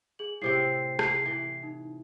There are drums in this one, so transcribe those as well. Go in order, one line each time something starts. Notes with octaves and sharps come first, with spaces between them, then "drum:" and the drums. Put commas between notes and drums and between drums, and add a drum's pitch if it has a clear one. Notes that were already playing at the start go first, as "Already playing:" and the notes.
G#4 F#7
A2 C3 C4 C5 C7
C7, drum: rim click
E3
D#4